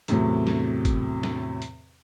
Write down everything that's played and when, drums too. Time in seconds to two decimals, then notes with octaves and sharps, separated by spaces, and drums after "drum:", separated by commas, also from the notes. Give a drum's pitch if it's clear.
0.08 E2 A2 C3 F#3 A3 C4, drum: hi-hat
0.47 drum: snare
0.85 drum: kick, hi-hat
1.23 drum: snare
1.62 drum: hi-hat